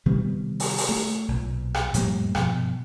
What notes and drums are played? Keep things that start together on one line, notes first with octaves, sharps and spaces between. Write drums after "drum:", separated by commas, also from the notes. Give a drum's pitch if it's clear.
C3 D#3 G3 B3
drum: open hi-hat
drum: open hi-hat
A3
B1 A#2
drum: rim click
F2 A2 G3 A#3, drum: hi-hat
G2 B2 F3, drum: rim click